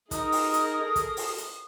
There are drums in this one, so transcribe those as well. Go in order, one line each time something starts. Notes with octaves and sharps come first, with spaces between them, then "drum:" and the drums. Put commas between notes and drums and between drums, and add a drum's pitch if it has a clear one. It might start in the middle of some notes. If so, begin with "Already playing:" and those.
D#4 G#4 A#4 D#6, drum: kick, hi-hat
drum: open hi-hat
drum: hi-hat
A4
drum: kick, hi-hat
drum: open hi-hat
drum: hi-hat